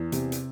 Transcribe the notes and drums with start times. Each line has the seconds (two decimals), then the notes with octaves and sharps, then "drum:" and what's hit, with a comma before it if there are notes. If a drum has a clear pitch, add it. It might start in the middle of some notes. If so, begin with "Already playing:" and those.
Already playing: E2
0.12 C3, drum: hi-hat
0.32 drum: hi-hat